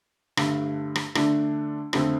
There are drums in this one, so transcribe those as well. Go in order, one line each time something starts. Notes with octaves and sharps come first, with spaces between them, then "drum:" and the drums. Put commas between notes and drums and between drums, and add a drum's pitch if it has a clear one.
G2 D3 A3, drum: rim click
drum: rim click
D3 A3 D4, drum: rim click
F2 D3 A3 C4, drum: rim click